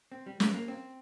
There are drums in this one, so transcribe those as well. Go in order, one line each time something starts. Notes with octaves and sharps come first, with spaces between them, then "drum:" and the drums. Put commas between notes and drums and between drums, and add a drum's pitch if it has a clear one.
C4
G3
G#3, drum: snare
A#3
C4